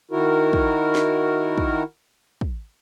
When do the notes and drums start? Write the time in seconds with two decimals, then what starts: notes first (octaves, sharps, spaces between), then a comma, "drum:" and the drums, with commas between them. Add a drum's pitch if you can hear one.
0.11 D#3 E4 F#4 A#4
0.53 drum: kick
0.95 drum: snare
1.58 drum: kick
2.41 drum: kick